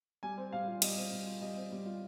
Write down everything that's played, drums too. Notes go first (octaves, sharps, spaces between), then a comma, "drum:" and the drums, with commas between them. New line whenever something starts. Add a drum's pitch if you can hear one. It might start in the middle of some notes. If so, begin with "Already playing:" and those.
G3 G#5
C4
G3 F5
F4
G3 D#5, drum: cymbal
C4
G3
F4
G3 D#5
C4
G3
F4